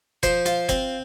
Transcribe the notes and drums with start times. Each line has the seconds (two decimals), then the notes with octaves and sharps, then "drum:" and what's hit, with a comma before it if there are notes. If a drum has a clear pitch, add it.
0.23 F3 C5, drum: kick F#1, hi-hat
0.46 F4, drum: hi-hat
0.69 C4, drum: kick F#1, hi-hat